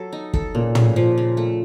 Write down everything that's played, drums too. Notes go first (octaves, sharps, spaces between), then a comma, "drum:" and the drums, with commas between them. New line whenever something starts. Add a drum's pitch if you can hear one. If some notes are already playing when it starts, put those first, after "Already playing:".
Already playing: F#3 A4
D#4
A4, drum: kick
A#2 C#3
C#3, drum: tom
F3
C#3
A3